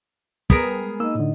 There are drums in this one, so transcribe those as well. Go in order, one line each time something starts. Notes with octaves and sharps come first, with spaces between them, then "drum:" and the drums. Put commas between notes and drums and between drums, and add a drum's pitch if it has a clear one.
B3 G#4 A#4 B4 A#5, drum: kick
G3
G#3
A#3 D#4 D#5 E6
A2 D3